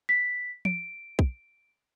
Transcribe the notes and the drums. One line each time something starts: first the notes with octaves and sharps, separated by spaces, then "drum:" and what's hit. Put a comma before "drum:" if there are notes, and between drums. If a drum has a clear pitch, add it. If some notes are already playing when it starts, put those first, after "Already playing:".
B6
D7, drum: tom
drum: kick